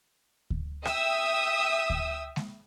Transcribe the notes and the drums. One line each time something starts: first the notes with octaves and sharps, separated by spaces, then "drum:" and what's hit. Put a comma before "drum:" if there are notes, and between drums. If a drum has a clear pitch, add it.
drum: kick D2
E5 G5 D#6 E6, drum: rim click
drum: kick D2
drum: snare G#3